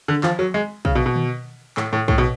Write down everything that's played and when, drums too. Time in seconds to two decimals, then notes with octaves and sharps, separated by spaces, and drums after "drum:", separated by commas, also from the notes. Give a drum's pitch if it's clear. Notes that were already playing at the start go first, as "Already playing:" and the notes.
0.08 D3
0.23 F3, drum: clap
0.39 F#3
0.54 G#3
0.85 C#3, drum: kick
0.95 B2
1.06 B2
1.16 drum: tom D3
1.77 A2, drum: clap
1.93 A2
2.08 A2, drum: kick
2.18 B2